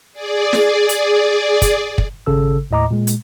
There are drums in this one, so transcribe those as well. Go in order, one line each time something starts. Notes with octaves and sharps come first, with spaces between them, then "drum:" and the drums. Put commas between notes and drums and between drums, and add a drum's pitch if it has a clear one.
G#4 D5
drum: snare
drum: hi-hat
drum: kick, hi-hat
drum: kick
G#1 C#3 A4 E6
D#2 A2 D#5 A#5 D6
A#2 G#3
drum: hi-hat